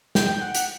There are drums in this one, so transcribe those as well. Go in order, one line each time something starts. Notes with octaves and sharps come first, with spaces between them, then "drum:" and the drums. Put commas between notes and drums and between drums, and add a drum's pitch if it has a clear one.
G5, drum: snare
F#5
drum: hi-hat